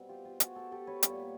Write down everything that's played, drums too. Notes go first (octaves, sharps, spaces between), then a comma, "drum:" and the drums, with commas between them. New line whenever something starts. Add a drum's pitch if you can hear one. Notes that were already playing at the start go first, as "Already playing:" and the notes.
Already playing: B2 G3 C4
F4 G4
F4 G4
F#4 G#4, drum: hi-hat
G4 A4
G4 A4
B4 C#5
A#2 G3 B3, drum: hi-hat